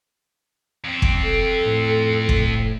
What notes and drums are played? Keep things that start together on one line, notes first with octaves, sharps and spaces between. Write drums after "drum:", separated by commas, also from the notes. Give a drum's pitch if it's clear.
F2 C4
drum: kick
A4
A2
drum: kick